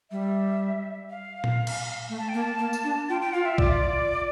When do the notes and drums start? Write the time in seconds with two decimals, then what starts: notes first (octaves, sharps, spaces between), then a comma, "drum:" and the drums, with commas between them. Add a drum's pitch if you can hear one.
0.10 G3 E5
1.10 F5
1.44 drum: tom A#2
1.67 drum: cymbal
2.09 A3
2.18 A5
2.29 G5
2.34 A#3
2.38 A5
2.59 A#3
2.73 drum: tambourine
2.84 D4
3.09 F4 G5
3.21 G5
3.33 F4 F5
3.45 E5
3.58 F4 D5, drum: kick